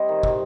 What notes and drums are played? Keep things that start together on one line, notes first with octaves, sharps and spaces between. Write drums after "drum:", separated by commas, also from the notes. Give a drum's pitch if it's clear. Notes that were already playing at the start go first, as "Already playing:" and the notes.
Already playing: C3 G3 C5 D#5
D#3
D#3, drum: kick